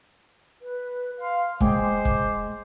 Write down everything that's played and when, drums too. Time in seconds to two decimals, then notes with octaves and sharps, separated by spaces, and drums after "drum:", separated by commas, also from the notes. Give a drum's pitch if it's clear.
0.62 B4
1.21 F5 C6
1.60 G#3 C5 G5 D6, drum: kick
2.05 drum: kick